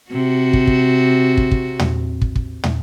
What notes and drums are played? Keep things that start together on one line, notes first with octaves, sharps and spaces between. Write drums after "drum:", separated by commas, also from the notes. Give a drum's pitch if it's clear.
C3 F#4
drum: kick
drum: kick
drum: kick
drum: kick
drum: tom
drum: kick
drum: kick
drum: tom